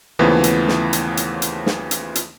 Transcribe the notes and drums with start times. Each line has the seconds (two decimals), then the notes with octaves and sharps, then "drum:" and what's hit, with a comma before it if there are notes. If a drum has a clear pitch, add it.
0.19 D#2 C#3 E3 F3 A3 B3
0.44 drum: hi-hat
0.68 drum: snare
0.93 drum: hi-hat
1.17 drum: hi-hat
1.42 drum: hi-hat
1.66 drum: snare
1.91 drum: hi-hat
2.15 drum: hi-hat